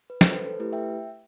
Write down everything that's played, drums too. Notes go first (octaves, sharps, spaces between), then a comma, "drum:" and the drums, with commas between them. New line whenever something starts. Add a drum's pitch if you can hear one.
B4
A4 C5, drum: snare
B4
A4
A3 E4 G4 B4
E5 G5